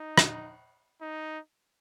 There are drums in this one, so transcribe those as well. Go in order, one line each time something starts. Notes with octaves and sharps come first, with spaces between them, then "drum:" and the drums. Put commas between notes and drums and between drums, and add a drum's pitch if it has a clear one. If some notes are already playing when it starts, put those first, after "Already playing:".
Already playing: D#4
drum: rim click
D#4